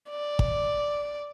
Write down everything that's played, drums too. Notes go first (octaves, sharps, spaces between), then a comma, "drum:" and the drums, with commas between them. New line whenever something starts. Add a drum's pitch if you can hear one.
D5
drum: kick